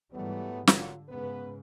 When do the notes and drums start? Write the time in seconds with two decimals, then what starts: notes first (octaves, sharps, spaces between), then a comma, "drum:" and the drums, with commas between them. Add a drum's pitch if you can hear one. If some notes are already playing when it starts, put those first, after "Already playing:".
0.14 G#2 E3 F#3 G3 A3 B3
0.67 D3 F#3 F4, drum: snare
1.09 G#2 C#3 B3 B4